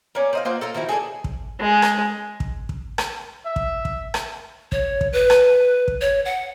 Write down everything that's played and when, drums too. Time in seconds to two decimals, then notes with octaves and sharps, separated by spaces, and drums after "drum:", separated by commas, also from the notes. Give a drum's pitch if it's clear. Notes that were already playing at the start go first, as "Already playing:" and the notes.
0.15 A#3 C#4 D5
0.33 C4 D#5 F5
0.45 A#3 F4 C5 F#5
0.61 A4 A#4 F5
0.74 D#3 F3 E4 F#4
0.89 G#4 A4 C5 D5
1.24 drum: kick
1.60 G#3
1.82 drum: rim click
2.40 drum: kick
2.69 drum: kick
2.98 drum: rim click
3.46 E5
3.56 drum: kick
3.85 drum: kick
4.14 drum: rim click
4.72 C#5, drum: kick
5.01 drum: kick
5.13 B4
5.30 drum: rim click
5.88 drum: kick
6.01 C#5
6.25 F#5